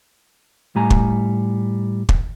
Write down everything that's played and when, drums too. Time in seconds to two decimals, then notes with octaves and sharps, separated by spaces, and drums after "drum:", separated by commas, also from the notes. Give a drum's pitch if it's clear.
0.76 A2 G3 G#5 A#5
0.90 drum: kick
2.09 drum: kick